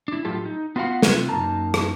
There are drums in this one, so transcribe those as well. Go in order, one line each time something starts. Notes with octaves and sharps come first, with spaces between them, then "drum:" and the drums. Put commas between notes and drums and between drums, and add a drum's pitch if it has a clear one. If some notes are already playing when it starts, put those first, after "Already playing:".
D4 E4
A2 F#3 F4 G4 A4
D#4
B3 F4 F#4 D#5 F5 F#5
C3 C4 F4 B4, drum: snare
F#2 A#3 D#4 A5 A#5
drum: rim click